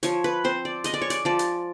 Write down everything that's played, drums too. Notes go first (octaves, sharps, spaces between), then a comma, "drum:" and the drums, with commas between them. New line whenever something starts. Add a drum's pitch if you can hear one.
F3 C#5, drum: hi-hat
B4
C4 C5
D5
G#3 D#5, drum: hi-hat
D5
C#5
D5, drum: hi-hat
F3 D5
drum: hi-hat